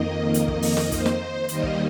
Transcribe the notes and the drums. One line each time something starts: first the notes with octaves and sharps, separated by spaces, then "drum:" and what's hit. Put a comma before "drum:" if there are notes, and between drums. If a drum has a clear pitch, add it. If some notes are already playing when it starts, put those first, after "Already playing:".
Already playing: F2 D#3 A#3 D#5
D#5, drum: hi-hat
drum: kick
drum: open hi-hat
drum: snare
C5, drum: kick, hi-hat
drum: snare
D#2 D#3 G3 A#3 D#5, drum: hi-hat
drum: kick